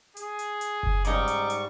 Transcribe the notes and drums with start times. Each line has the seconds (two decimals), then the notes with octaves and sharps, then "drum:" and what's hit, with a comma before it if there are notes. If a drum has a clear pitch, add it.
0.17 G#4, drum: hi-hat
0.39 drum: hi-hat
0.61 drum: hi-hat
0.83 drum: kick F#1
1.05 G#2 C#3 G3 D#4 C#6 D6, drum: hi-hat
1.28 drum: hi-hat
1.50 drum: hi-hat